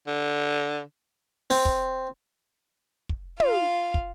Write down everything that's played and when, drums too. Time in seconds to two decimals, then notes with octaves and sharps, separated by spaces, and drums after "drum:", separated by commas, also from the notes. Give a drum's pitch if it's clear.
0.07 D3
1.50 C4, drum: open hi-hat
1.65 drum: kick
3.09 drum: kick
3.40 F4 F5, drum: tom
3.94 drum: kick